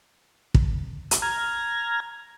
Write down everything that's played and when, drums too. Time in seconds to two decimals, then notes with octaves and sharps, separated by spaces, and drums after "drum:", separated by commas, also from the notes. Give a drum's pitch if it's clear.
0.54 drum: kick
1.11 drum: hi-hat
1.22 A#5 F6 G#6